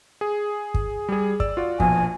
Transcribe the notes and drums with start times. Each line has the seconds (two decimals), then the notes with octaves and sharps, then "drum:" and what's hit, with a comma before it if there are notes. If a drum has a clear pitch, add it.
0.21 G#4
0.74 drum: kick
1.09 G3 G#4
1.40 D5 E6, drum: kick
1.57 F4 F#4 D5
1.80 A#1 B2 F3 G#5, drum: kick